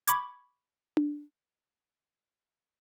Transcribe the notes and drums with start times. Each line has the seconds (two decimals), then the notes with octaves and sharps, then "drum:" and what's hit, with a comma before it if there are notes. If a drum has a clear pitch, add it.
0.07 B5 C#6 D6 G#6, drum: hi-hat
0.97 drum: tom D4